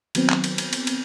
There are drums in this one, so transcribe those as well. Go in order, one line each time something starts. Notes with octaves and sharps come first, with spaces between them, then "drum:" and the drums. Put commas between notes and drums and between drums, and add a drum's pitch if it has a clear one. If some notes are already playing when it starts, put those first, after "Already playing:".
D#3 F#3 B3 C4, drum: cymbal
drum: clap
drum: cymbal
drum: cymbal
drum: cymbal
drum: cymbal